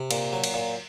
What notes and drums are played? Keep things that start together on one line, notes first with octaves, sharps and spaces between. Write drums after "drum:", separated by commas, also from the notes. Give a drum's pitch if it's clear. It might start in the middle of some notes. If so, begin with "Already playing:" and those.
Already playing: C3
A#2, drum: cymbal
F#3
drum: cymbal
A#2